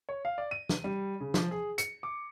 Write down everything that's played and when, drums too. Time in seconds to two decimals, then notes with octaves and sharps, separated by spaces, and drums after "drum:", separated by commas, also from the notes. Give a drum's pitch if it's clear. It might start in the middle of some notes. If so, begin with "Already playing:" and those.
0.09 C#5
0.25 F5
0.38 D5
0.51 D#7
0.69 drum: snare
0.84 G3
1.20 C#3
1.34 F3, drum: snare
1.51 G#4
1.78 C#7, drum: hi-hat
2.03 D6